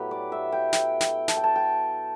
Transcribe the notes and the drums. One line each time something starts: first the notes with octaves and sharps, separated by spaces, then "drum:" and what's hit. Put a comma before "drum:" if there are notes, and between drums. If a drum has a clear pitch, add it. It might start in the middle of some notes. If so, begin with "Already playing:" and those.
Already playing: A2 F#3 B3 G4 B4
D5
E5
G5
G5, drum: snare
G5, drum: snare
A5, drum: snare
G5
A5
G5